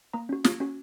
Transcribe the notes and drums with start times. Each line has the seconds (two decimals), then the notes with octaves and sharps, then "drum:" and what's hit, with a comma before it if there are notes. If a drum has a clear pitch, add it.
0.13 A#3 A#5
0.29 C#4 F#4
0.44 A#3, drum: snare
0.60 C#4 F#4